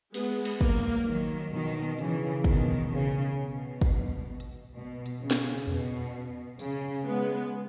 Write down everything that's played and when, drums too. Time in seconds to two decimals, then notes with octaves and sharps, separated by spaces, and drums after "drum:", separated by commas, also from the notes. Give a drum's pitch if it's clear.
0.14 G#3 B3, drum: cymbal
0.45 drum: cymbal
0.61 F#3 A#3, drum: kick
1.06 D#3 F#3
1.52 B2 D#3
1.99 C#3 E3, drum: hi-hat
2.44 B2 D#3, drum: kick
2.91 C#3
3.37 B2
3.81 drum: kick
4.40 drum: hi-hat
4.75 B2
5.06 drum: hi-hat
5.21 C#3
5.31 drum: snare
5.67 B2, drum: tom E2
6.59 C#3, drum: tambourine
7.05 G#3 B3